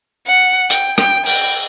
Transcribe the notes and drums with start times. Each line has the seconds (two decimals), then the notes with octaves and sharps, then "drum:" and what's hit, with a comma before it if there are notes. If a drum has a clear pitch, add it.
0.27 F#5
0.70 G5, drum: hi-hat
0.98 G5, drum: rim click
1.26 G5, drum: open hi-hat